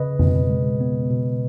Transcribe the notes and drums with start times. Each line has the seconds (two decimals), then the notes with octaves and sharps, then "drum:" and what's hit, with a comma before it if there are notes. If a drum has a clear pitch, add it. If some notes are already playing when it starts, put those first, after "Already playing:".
Already playing: C#3 B4 D#5
0.19 B2, drum: tom F2
0.49 G#3
0.81 B3
1.10 B2